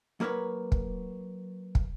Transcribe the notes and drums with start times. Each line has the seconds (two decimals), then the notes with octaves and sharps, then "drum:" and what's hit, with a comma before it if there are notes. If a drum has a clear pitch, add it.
0.20 F#3 A#3 A#4 B4 C#5
0.72 drum: kick
1.75 drum: kick